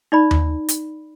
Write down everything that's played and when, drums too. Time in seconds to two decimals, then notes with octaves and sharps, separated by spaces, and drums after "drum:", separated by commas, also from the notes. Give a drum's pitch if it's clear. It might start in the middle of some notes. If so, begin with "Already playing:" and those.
0.12 D#4 D5 B5
0.31 drum: tom D#2
0.69 drum: hi-hat